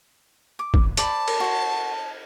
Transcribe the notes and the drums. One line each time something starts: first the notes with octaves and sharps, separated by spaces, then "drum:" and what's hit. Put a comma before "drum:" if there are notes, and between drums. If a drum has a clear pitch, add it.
D6
drum: kick G#1
C5 D5 A5 B5, drum: hi-hat
drum: cymbal
F#4 C6